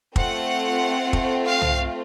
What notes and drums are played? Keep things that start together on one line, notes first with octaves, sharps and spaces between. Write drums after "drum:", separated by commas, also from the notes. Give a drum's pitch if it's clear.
A3 C4 F4 F#5, drum: kick
drum: kick
F5
drum: tom